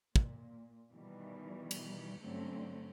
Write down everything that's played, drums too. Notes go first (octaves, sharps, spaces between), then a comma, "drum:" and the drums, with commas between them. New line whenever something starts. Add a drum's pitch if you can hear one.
A#2, drum: kick
B2 D#3 E3 G3
drum: cymbal
G2 D3 F#3 A3 C4 C#4